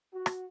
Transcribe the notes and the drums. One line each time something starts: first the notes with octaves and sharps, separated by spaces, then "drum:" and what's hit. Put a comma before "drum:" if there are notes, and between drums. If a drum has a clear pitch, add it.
F#4
drum: rim click